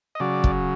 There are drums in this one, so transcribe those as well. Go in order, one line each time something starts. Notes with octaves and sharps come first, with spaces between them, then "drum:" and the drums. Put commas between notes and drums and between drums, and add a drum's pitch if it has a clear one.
D#5
C#3 F#3 D5
drum: kick